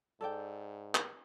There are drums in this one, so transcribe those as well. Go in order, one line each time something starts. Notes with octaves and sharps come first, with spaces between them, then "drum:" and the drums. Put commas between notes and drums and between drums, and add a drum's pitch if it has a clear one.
G#2 A4 D5 G5
drum: clap